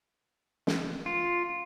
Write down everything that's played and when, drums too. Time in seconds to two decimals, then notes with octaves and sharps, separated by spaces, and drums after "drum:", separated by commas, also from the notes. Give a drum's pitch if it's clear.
0.67 drum: snare
1.06 F4